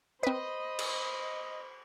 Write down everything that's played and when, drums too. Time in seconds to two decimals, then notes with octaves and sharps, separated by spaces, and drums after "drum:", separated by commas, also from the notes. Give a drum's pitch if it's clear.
0.23 C4 B4 C5 D#5 B5
0.79 drum: cymbal